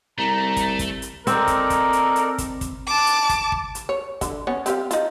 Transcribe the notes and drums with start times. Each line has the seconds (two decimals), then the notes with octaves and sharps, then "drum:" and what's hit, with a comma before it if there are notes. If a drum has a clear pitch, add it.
0.18 C2 A3 A#5
0.57 drum: kick, hi-hat
0.79 drum: kick, hi-hat
1.02 drum: hi-hat
1.27 C4 D#4 A4 A#4 D5, drum: hi-hat
1.47 drum: kick, hi-hat
1.70 drum: kick, hi-hat
1.93 drum: hi-hat
2.16 drum: hi-hat
2.38 drum: kick, hi-hat
2.61 drum: kick, hi-hat
2.87 A5 D6
3.07 drum: hi-hat
3.29 drum: kick, hi-hat
3.52 drum: kick
3.75 drum: hi-hat
3.89 C#5
4.21 D3, drum: kick, hi-hat
4.47 B3 C#4 C#5
4.66 C4 G4 F5, drum: hi-hat
4.91 D#4 F4, drum: hi-hat